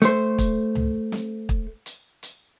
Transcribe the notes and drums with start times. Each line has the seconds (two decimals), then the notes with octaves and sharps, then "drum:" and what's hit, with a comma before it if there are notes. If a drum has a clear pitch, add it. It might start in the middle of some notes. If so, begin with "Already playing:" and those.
0.02 A3 C5, drum: hi-hat
0.39 drum: kick, hi-hat
0.75 drum: tom C#2
1.12 drum: snare
1.49 drum: kick
1.86 drum: hi-hat
2.23 drum: hi-hat